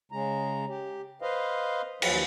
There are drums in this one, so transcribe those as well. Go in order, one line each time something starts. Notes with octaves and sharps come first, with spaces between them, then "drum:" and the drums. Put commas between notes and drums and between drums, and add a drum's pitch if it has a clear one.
C#3 G#3 A#5
G4
B4 C5 D#5 F5
D#2 F3 F#3 B4, drum: cymbal